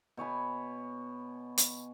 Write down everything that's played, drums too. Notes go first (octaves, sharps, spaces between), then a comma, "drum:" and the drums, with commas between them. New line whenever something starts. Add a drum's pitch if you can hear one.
B2 C#5 G#5 B5
drum: hi-hat